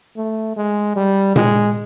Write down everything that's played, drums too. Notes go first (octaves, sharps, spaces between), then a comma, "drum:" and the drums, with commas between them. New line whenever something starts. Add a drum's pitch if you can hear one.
A3
G#3
G3
G#3, drum: tom A#2